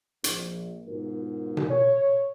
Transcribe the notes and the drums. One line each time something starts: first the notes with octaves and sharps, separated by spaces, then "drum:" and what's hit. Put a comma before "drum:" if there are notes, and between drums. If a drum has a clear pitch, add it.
A#1, drum: hi-hat
G#2 B2 F4 F#4 A#4
drum: tom B2
C#5